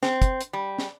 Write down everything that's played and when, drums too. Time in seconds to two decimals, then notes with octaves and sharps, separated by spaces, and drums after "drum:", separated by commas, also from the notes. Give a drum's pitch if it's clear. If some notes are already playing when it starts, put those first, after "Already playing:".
0.03 C4, drum: snare
0.22 drum: kick, hi-hat
0.41 drum: hi-hat
0.53 G3
0.79 drum: snare